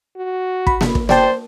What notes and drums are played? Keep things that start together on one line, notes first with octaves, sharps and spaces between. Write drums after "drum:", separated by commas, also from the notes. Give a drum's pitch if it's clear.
F#4
B5, drum: kick
drum: snare A#3
drum: kick
C5 D5 G5 A5, drum: snare A#3